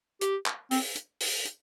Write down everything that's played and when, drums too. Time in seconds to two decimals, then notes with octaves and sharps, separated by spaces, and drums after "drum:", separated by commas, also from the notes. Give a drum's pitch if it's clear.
0.21 G4, drum: hi-hat
0.46 drum: clap
0.71 C4, drum: open hi-hat
0.96 drum: hi-hat
1.21 drum: open hi-hat
1.45 drum: hi-hat